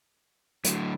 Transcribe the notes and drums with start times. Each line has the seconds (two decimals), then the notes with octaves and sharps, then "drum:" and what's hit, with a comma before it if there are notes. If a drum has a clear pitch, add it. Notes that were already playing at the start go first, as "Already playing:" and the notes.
0.65 A2 D3 F#3, drum: hi-hat